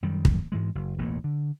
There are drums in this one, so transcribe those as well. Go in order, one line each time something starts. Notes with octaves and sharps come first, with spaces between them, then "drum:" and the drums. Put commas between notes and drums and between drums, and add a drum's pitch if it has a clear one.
F#2 D#3 G3
drum: kick
G#2 E3 G#3
F#1
E1 A1 A2 A#3
D3